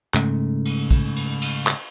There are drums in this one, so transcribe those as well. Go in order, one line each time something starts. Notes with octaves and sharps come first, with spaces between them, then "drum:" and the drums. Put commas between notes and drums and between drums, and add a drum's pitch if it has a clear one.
G#2 C#3 A3, drum: clap
drum: cymbal
drum: kick, cymbal
drum: cymbal
drum: cymbal
drum: clap